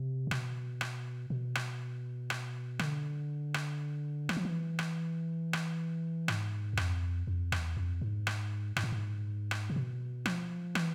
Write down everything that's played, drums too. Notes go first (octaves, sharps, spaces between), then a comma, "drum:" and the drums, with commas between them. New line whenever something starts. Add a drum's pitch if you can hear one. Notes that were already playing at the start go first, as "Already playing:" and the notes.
Already playing: C3
A2
B2, drum: rim click
drum: rim click
B2
drum: rim click
drum: rim click
D3, drum: rim click
drum: rim click
E3, drum: rim click
F3
E3
drum: rim click
drum: rim click
G#2, drum: rim click
E2
F2, drum: rim click
F2
E2, drum: rim click
F2
G#2
drum: rim click
G#2, drum: rim click
A2
G#2
drum: rim click
C3
B2
F3, drum: rim click
E3, drum: rim click